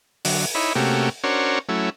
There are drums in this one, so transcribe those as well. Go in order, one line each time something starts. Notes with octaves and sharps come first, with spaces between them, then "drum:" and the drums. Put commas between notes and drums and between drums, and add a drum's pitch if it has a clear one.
D3 F#3, drum: open hi-hat
D#4 E4 C#5 B5
C3 A3 A#3 C#4 F#4 G4
C#4 D4 F#4 A#4 C5 C#5
F#3 A3 C#4 E4